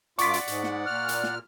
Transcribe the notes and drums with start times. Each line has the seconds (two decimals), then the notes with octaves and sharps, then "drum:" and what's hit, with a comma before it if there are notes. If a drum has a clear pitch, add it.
0.19 F#2 F4 D5 F#5 C#6 D6 B6, drum: hi-hat
0.34 drum: hi-hat
0.47 G#2, drum: hi-hat
0.64 drum: snare
0.86 A#2 F6 F#6
1.09 drum: hi-hat
1.24 drum: snare